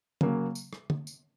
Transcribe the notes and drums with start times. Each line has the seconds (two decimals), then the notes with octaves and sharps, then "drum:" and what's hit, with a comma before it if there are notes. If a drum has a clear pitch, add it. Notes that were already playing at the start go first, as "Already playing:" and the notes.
0.21 C#3 F#3 A#3, drum: tom D3
0.55 drum: tambourine
0.73 drum: rim click
0.90 drum: tom D3
1.07 drum: tambourine